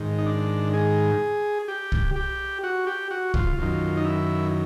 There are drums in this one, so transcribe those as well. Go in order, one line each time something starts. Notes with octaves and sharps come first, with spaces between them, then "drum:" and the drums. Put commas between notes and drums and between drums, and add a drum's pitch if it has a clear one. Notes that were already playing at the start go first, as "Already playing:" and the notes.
Already playing: G#2 D#3
D#4
D4
G#4
G4
drum: kick
G4
F#4
G4
F#4
F4, drum: kick
F#2 D#3 F4
D#4
E4